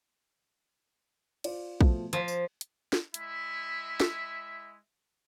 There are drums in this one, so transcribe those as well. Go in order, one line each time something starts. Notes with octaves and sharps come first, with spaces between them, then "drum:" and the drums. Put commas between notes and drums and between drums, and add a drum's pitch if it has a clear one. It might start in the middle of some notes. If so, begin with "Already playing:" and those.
F4 C5 D5, drum: cymbal
B2 F3 A3, drum: kick A#1
F3 G#6 B6, drum: hi-hat
drum: tambourine
drum: hi-hat
drum: snare
G#3 E4 E5, drum: hi-hat
drum: snare